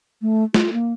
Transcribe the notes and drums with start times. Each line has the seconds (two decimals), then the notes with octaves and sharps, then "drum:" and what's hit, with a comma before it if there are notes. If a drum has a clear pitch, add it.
0.22 A3
0.54 F4, drum: snare
0.73 A#3